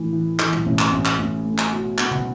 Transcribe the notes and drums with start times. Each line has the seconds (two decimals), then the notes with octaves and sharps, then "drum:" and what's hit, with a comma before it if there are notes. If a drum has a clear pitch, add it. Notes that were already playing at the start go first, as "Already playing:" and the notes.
Already playing: A2 E3
0.13 E3
0.39 E3, drum: clap
0.52 drum: tom
0.66 A1
0.79 drum: clap
0.93 A1
1.05 drum: clap
1.19 A1
1.45 A2
1.58 drum: clap
1.72 B2
1.98 B3, drum: clap
2.11 drum: tom